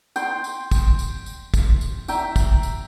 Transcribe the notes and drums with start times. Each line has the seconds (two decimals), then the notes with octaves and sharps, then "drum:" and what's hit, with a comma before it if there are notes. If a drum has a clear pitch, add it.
0.16 G5 C6, drum: tambourine
0.44 drum: tambourine
0.71 drum: kick, tambourine
0.99 drum: tambourine
1.26 drum: tambourine
1.54 drum: kick, tambourine
1.81 drum: tambourine
2.08 E5 G5 A#5, drum: tambourine
2.36 drum: kick, tambourine
2.63 drum: tambourine